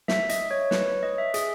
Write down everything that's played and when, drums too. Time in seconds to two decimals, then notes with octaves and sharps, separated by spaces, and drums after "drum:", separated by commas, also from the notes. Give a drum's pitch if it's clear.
0.08 E5, drum: snare
0.29 D#5, drum: hi-hat
0.51 C#5
0.71 B4, drum: snare
0.87 C#5
1.03 D#5
1.18 E5
1.34 G#4, drum: hi-hat